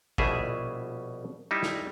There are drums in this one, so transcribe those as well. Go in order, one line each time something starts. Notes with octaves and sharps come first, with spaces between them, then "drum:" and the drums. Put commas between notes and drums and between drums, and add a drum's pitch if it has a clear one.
A#1 B2 G3 E4 G#4 E5, drum: kick
G3 D#4 E4
drum: snare